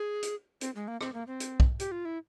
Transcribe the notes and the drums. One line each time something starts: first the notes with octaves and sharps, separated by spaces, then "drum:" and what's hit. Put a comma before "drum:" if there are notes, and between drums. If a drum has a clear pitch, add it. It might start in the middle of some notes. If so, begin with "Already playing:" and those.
Already playing: G#4
drum: hi-hat
C4, drum: hi-hat
G#3
A#3
C4, drum: rim click
A#3
C4
drum: hi-hat
drum: kick B1
G4, drum: hi-hat
F4
E4